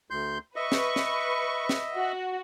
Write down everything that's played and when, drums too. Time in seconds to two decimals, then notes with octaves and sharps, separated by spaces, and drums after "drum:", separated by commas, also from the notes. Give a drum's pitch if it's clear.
0.10 D2 C6 G6
0.56 B4 D#5 E5 C#6
0.72 drum: snare
0.96 drum: snare
1.69 drum: snare
1.94 F#4